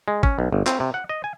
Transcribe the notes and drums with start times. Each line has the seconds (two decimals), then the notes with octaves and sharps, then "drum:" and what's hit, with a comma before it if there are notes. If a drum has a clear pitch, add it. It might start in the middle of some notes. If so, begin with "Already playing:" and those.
0.08 G#3
0.23 C#4, drum: kick
0.39 B1
0.53 G1
0.66 C4, drum: clap
0.80 C3
0.94 F#5
1.09 D#5
1.24 G#5